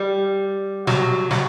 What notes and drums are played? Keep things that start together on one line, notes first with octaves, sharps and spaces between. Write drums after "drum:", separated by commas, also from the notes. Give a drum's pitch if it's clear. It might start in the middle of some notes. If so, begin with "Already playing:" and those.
Already playing: G3
F#3, drum: snare
F#3, drum: snare